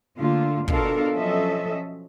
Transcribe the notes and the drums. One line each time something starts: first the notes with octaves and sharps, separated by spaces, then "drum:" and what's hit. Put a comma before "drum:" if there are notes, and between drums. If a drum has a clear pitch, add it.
D3 A3 A#3 F4
B2 D4 F4 A4 A#4 F5, drum: kick
F3 F#3 C#4 A4 D#5 E5